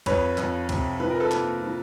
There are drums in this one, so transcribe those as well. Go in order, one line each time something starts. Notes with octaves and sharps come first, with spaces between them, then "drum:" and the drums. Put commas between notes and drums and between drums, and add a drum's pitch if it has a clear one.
F2 B4 C#5, drum: kick C#2, cymbal
F2, drum: clap
C3, drum: kick C#2, cymbal
F3 B4
A#4
A4 B4
A#3, drum: clap
F3